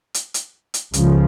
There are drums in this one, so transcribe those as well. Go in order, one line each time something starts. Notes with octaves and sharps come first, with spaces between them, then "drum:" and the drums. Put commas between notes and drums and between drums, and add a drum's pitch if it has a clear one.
drum: hi-hat
drum: hi-hat
drum: hi-hat
C#2 C#3 F3, drum: hi-hat